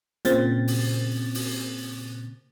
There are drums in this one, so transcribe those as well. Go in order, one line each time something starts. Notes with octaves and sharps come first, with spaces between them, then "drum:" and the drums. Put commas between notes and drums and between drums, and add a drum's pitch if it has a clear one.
A#2 C#3 C4 A6, drum: hi-hat
drum: open hi-hat
drum: open hi-hat